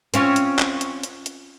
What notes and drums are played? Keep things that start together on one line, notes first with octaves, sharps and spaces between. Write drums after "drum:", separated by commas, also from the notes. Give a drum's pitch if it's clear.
C4 C#4 F4, drum: hi-hat
drum: hi-hat
drum: clap
drum: hi-hat
drum: hi-hat
drum: hi-hat